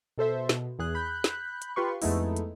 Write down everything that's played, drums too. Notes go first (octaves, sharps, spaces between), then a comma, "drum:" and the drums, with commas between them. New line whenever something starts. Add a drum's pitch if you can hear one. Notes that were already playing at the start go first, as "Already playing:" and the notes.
B2 A4 C5 E5
B2, drum: snare
E2 G#4 F#6
B5 F#6 G6
drum: snare
drum: hi-hat
F4 G4 B4 C6 C#6
F2 G#3 A3 B3 D#4 E4, drum: open hi-hat
drum: hi-hat